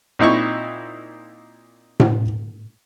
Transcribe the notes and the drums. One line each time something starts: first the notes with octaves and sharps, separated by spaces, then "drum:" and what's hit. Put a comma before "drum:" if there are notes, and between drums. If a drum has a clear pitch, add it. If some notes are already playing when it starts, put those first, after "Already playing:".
A#2 C4 D#4 E4 C#6
drum: tom A2